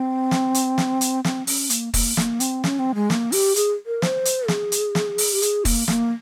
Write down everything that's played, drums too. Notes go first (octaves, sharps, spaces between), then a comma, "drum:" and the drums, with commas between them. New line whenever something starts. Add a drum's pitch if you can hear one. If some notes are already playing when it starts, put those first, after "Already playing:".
Already playing: C4
drum: snare
drum: hi-hat
drum: snare
drum: hi-hat
C4, drum: snare
C#4, drum: open hi-hat
A#3, drum: hi-hat
A#3, drum: kick, open hi-hat
A#3, drum: snare
C4, drum: hi-hat
C#4, drum: snare
C4
G#3
A#3, drum: snare
G4, drum: open hi-hat
G#4, drum: hi-hat
A#4
C5, drum: snare
drum: hi-hat
G#4, drum: snare
drum: hi-hat
drum: snare
drum: open hi-hat
G4
G#4, drum: hi-hat
A#3, drum: kick, open hi-hat
A#3, drum: snare